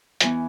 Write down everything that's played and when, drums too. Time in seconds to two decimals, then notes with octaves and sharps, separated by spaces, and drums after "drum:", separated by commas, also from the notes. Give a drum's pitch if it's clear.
0.21 E2 E3 B3 G#5, drum: hi-hat